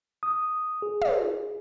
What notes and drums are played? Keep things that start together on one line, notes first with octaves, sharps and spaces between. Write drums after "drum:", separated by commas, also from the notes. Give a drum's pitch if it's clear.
D#6
G#4
drum: tom